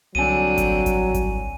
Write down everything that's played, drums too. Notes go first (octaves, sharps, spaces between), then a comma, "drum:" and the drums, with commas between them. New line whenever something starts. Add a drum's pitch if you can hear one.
C2 D3 F#3 C4 D4 G#5 D#7
drum: kick G#1, hi-hat
drum: kick G#1, hi-hat
drum: kick G#1, hi-hat